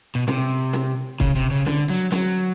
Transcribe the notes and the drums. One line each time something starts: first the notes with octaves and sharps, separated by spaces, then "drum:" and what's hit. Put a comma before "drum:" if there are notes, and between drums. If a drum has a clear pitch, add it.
B2
C3, drum: snare
drum: snare
C#3, drum: kick
C3
C#3
D3, drum: snare
F#3
F#3, drum: snare